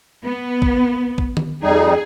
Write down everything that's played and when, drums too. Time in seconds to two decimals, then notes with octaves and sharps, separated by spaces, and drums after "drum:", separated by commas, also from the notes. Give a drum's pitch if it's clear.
0.24 B3
0.62 drum: kick B1
1.18 drum: kick B1
1.37 drum: tom D#3
1.63 F2 G3 D#4 G#4